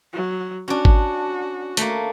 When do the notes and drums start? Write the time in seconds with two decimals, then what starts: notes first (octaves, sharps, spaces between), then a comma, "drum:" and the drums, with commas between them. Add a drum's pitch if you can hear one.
0.13 F#3
0.68 C#4 D4 F#4
0.85 drum: kick G#1
1.77 A3 A#3, drum: hi-hat